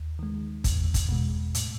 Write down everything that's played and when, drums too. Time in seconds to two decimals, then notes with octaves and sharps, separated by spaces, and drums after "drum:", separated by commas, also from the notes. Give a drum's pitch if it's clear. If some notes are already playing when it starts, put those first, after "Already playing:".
Already playing: D#2
0.19 D#3 G#3
0.64 E2, drum: kick, hi-hat
0.94 drum: kick, hi-hat
1.09 B2 G#3
1.55 A2, drum: hi-hat